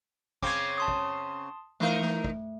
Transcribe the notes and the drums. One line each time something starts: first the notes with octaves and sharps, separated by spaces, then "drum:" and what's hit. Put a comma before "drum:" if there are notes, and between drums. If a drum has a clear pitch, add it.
C#3 C4 C#4 D6 G#6, drum: kick
A5 C6 D#6
drum: kick
E3 A3 D#4 A#4
drum: snare
drum: kick